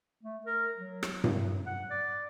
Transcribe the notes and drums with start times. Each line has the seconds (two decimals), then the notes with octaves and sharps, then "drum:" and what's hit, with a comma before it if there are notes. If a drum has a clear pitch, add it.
0.23 A3
0.46 A#4
0.77 F#3
1.03 drum: rim click
1.24 drum: tom G2
1.66 F#5
1.90 D5